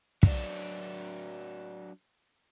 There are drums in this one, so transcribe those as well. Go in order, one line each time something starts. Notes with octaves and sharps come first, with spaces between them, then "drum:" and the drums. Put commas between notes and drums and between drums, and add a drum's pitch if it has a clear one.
F#3 D4, drum: kick